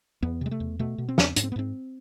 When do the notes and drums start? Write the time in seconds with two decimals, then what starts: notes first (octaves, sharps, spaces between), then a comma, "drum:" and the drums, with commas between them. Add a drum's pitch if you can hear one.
0.22 E2 B3
0.41 C3 G#3
0.51 A3
0.60 E2
0.79 B2 A3
0.98 B2
1.09 C4
1.18 E2, drum: snare
1.36 G#2 D4, drum: hi-hat
1.44 C4
1.52 B3
1.56 G#2 C4